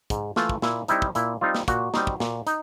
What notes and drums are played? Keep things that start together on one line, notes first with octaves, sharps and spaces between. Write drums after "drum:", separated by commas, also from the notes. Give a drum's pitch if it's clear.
G#2, drum: kick, hi-hat
E3 A3 F4, drum: snare
drum: kick
A#2 E4, drum: snare
G3 C4 D#4 E4, drum: hi-hat
drum: kick
A#2 E4, drum: hi-hat
G3 C4 D#4 F4
drum: snare
A#2 F#4, drum: kick, hi-hat
G3 C4 D#4, drum: snare
drum: kick
A#2, drum: snare
D#4, drum: hi-hat